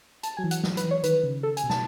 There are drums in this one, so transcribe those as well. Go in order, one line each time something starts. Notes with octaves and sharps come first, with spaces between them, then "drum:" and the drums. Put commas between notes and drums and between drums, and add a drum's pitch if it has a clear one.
A5, drum: hi-hat
F#3 G#5
E3
F#5, drum: hi-hat
F#3, drum: snare
B4, drum: hi-hat
E3
C#5
D#3 B4, drum: hi-hat
C#3
A4
G#5, drum: hi-hat
B2
A5, drum: snare